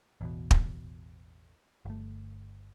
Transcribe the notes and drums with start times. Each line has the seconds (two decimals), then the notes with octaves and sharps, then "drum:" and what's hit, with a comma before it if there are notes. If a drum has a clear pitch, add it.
0.21 A1 E2 B2
0.51 drum: kick
1.85 G1 A3